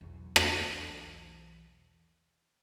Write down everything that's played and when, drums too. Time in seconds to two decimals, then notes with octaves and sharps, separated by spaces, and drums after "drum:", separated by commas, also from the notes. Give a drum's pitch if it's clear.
0.01 B1 E2
0.36 drum: rim click